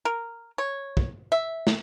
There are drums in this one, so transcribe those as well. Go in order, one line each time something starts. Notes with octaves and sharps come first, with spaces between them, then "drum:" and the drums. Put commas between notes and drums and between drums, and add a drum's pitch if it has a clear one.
A#4
C#5
drum: kick
E5
drum: snare